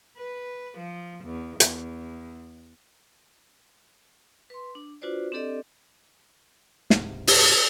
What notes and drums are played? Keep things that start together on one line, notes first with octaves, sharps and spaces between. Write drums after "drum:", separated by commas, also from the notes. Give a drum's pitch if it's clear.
B4
F3
E2
E2, drum: hi-hat
B4 C6
D4
D4 F4 F#4 B4 C5 D5
C4 D4 G4 A4 D5 D#5
C#2 G#2 C3, drum: snare
drum: open hi-hat